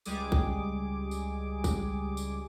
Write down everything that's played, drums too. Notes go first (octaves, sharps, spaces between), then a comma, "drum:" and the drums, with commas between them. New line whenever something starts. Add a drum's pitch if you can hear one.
C#2 G3 G#3 G#4 D6, drum: tambourine
drum: kick
drum: tambourine
drum: kick, tambourine
drum: tambourine